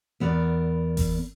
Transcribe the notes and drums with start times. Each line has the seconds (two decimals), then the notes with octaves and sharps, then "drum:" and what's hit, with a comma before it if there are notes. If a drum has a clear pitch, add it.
0.20 E2 B3 A#4 D5
0.97 drum: kick G1, open hi-hat